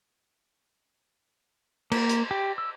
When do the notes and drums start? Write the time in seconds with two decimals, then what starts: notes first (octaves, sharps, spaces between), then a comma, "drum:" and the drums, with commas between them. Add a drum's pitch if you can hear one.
1.92 A#3, drum: cymbal
2.09 drum: hi-hat
2.31 G4
2.58 E6